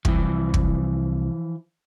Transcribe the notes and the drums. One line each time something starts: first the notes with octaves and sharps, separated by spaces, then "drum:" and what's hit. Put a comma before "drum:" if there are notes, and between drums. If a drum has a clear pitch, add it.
C2 E3 F3, drum: kick
drum: kick